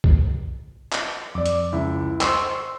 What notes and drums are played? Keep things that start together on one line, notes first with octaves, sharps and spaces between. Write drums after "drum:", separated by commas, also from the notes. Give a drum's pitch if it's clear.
drum: kick
drum: clap
F2 D5 D6
drum: hi-hat
C#2 E4 E5
C5 C6 C#6 E6, drum: clap